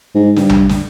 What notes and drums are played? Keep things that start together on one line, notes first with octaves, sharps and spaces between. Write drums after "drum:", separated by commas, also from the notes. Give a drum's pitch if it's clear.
G#2
G2, drum: snare
drum: tom A#1
drum: snare